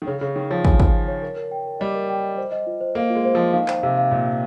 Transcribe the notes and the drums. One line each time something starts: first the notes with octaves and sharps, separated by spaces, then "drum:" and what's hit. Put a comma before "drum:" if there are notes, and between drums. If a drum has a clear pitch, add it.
D#3
C#3 C#5
C#3 C#5
D#3 C#5
F3 C#5
G#5, drum: kick
C#5, drum: kick
C#5
C#5
A#4
A#4
G5
A#4
G3 D#5
A#4
G5
D#5
C5
D#5
F4
C5
A#3 C5
F4
G#3
C5
F3
D#5
D#3 F5
C5, drum: clap
C3 F5
F5
A#2 F5
F5